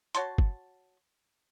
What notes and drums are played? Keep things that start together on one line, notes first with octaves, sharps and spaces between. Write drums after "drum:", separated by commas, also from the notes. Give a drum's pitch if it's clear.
F#4 C#5 A5 C6, drum: hi-hat
drum: kick G1